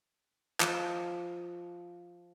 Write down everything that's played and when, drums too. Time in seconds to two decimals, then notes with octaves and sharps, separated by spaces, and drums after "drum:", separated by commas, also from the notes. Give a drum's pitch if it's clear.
0.60 F3 D#5 A5, drum: clap